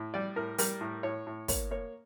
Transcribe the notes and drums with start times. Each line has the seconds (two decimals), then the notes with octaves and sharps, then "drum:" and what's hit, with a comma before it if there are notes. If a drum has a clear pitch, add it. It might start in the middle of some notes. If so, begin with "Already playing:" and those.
Already playing: A2
0.14 G3 D5
0.36 A2 A#4
0.58 G3 A#4, drum: open hi-hat
0.81 A2
1.03 A2 C#5
1.27 A2
1.48 A#3 C#5, drum: kick, open hi-hat
1.71 A#3 C#5